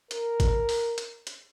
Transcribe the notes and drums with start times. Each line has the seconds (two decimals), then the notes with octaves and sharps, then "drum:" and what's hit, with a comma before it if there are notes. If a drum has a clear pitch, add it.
0.11 A#4, drum: hi-hat
0.40 drum: kick, hi-hat
0.69 drum: open hi-hat
0.98 drum: hi-hat
1.27 drum: hi-hat